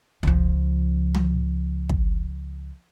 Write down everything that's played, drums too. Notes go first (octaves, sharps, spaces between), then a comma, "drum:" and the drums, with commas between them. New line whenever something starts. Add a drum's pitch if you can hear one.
C#2 F3, drum: tom
drum: tom
drum: kick